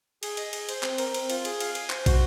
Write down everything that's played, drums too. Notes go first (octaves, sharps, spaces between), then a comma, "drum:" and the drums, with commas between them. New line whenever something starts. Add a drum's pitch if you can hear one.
G#4, drum: cymbal
D#5, drum: cymbal
G#4, drum: cymbal
C5, drum: cymbal
C4, drum: clap
A#4, drum: cymbal
C4, drum: cymbal
F4, drum: cymbal
G#4, drum: cymbal
F5, drum: cymbal
G#5, drum: cymbal
C5, drum: clap
F#4, drum: kick, cymbal